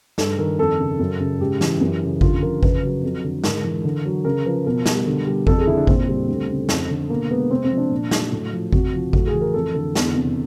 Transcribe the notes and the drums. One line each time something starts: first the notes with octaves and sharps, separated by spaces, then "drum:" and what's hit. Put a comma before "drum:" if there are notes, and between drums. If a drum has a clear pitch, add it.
G2 A4, drum: snare
D#3 A#4
F2 A4
C#3
F#2
C#3
G#2 G4
E3, drum: snare
F#2
C#3
D3 F4, drum: kick G#1
F3 A#4
C#3 B4, drum: kick G#1
F#3
F2
D3
G#2 A#4, drum: snare
E3
D3
F#3
C#3 A#4
F3 B4
B2 A#4
G3, drum: snare
D3
G3
F2 A4, drum: kick G#1
G#4
D3 E4
D4
A#2 C4, drum: kick G#1
G3
D2
C#3
F2, drum: snare
D3
B2 A#3
G#3 B3
C3 C4
C4
F3
D4
A#2
F#3, drum: snare
A2
F3
C3 F#4, drum: kick G#1
F3
A2 F#4, drum: kick G#1
G#4
E3
A#4
F2 A4
D3 A4
E2, drum: snare
C3